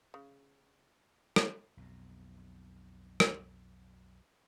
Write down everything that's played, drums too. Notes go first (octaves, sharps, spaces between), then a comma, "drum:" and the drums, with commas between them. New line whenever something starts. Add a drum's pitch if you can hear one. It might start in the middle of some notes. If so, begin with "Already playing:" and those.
C#3
drum: rim click
B1 F2 B2
drum: rim click